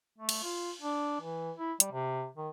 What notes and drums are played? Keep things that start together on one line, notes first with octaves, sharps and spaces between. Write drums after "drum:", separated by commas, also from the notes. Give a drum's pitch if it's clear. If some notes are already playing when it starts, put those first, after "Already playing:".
A3
drum: cymbal
F4
D4
E3
E4
G3, drum: hi-hat
C3
D#3